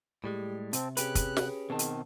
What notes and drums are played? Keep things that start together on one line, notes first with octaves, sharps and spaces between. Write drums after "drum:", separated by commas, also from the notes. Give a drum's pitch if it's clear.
A2 G3 G#3 G4
C3 C4 A5, drum: hi-hat
C#4 G4 G#4 B4 F#6, drum: hi-hat
drum: kick, hi-hat
drum: snare
B2 D#3 C4 A5
drum: hi-hat